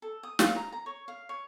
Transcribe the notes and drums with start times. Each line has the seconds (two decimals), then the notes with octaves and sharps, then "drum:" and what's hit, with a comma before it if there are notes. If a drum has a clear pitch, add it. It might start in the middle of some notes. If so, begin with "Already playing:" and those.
0.02 A4
0.23 D#6
0.39 F5, drum: snare
0.55 A#5
0.72 A#5
0.86 C#5
1.08 F5
1.29 C#5